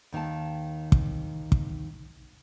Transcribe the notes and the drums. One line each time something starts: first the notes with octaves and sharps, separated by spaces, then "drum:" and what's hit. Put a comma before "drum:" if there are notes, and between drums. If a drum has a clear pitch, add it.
D#2 D#3 F5 A5
drum: kick
drum: kick